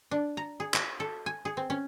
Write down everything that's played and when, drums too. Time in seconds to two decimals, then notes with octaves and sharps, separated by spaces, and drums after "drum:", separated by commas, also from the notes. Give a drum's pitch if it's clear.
0.11 D4
0.37 A#5
0.60 G#4
0.74 F#4, drum: clap
1.00 A4
1.26 G#5
1.45 G#4
1.57 C4
1.70 C#4